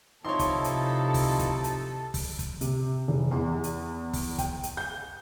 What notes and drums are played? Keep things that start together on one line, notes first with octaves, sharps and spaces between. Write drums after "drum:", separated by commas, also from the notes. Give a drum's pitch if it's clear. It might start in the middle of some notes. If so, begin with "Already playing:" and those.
C3 F3 D#4 E4 A4 C#5 C6
drum: kick, hi-hat
drum: hi-hat
drum: kick, open hi-hat
drum: kick, hi-hat
drum: hi-hat
drum: kick, open hi-hat
drum: kick, hi-hat
C3, drum: hi-hat
F1
E2
drum: hi-hat
drum: kick, open hi-hat
G5, drum: kick, hi-hat
drum: hi-hat
G6